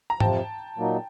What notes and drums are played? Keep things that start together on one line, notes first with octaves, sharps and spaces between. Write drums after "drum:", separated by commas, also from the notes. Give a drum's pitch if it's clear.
A#5
F2 C3 F3 G5 A5, drum: tom G#2
A#2 F#3 A#3 D#4